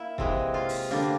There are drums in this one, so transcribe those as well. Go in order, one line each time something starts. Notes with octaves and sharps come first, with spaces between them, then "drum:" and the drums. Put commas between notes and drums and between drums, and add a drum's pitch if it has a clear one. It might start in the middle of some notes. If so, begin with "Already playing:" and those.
Already playing: A#3 E4 E5
C3 E3 G#3, drum: kick
F4 F5
drum: open hi-hat
D3 G3 A#3 D4